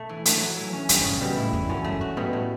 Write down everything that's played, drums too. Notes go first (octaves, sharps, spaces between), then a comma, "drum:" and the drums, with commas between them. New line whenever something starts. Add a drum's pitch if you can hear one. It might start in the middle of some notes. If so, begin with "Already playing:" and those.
Already playing: B2 A3
E3
A3, drum: hi-hat
F#3
E3
C#4
G2 G3, drum: hi-hat
A2 C#3
B2 G3
A2 E4
E2 E3
F#2 C#4
G2 A3
G2 F#4
B2 G3
A2